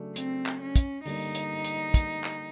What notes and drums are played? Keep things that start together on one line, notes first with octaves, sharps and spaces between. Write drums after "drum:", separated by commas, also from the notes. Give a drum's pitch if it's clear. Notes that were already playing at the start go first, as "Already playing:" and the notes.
Already playing: C#3 F#3 A3 D4
C4, drum: hi-hat
drum: clap
C#4
drum: kick, hi-hat
D3 G3 A#3 D#4, drum: open hi-hat
drum: hi-hat
drum: hi-hat
drum: kick, hi-hat
drum: clap